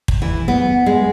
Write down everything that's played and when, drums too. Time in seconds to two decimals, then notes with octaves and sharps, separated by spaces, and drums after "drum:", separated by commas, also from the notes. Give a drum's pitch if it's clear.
0.08 drum: kick
0.22 E3
0.48 B3
0.86 G#3